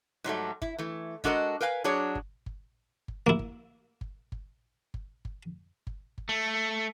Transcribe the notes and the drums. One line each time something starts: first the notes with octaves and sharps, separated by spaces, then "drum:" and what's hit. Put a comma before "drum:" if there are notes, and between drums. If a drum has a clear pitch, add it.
G#2 F#3 G3 A3
E4, drum: kick G1
E3 A3
G#3 D4 F#4 A4 A#4 D#5, drum: kick G1
A#4 B4 F5 G5 G#5
F#3 D4 G#4 C#5
drum: kick G1
drum: kick G1
drum: kick G1
A#3 E4
drum: kick G1
drum: kick G1
drum: kick G1
drum: kick G1
drum: kick G1
drum: kick G1
drum: kick G1
A3